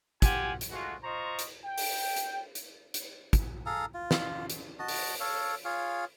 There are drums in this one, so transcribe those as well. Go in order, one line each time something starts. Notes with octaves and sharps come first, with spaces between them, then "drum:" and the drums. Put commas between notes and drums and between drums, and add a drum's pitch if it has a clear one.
F4 G4 F#5 G#5, drum: kick, hi-hat
drum: hi-hat
G#3 A3 F4 F#4
F4 C5 D#5 A#5 C#6
drum: hi-hat
G5
drum: open hi-hat
drum: hi-hat
drum: hi-hat
drum: hi-hat
drum: kick, hi-hat
G#4 A4 F5 A#5
F4
drum: snare
drum: hi-hat
F#4 D#5 A5
drum: open hi-hat
A4 C#5 F5
F4 G#4 C#5 F5